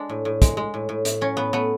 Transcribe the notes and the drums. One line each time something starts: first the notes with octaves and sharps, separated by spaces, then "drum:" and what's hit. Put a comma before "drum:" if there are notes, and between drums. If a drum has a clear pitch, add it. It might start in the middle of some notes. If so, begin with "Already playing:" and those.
Already playing: G#3 D4
A2
A2
G#3, drum: kick, hi-hat
G#3
A2
A2
A2, drum: hi-hat
F#3 C#4
A2 B3
A3 B3